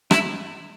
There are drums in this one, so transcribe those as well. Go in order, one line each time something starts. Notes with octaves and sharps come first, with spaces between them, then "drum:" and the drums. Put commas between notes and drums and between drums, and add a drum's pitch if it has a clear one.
E4, drum: rim click